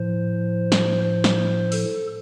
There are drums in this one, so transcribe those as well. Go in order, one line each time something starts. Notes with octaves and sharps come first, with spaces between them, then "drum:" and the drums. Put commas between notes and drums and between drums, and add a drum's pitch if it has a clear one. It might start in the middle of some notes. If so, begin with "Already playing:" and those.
Already playing: A2 F3 C5
drum: snare
C5
drum: snare
A4, drum: open hi-hat